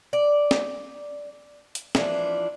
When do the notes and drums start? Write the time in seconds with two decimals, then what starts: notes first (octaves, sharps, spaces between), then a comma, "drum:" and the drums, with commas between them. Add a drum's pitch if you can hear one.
0.13 D5
0.51 drum: snare
1.75 drum: hi-hat
1.95 E3 F3 D4, drum: snare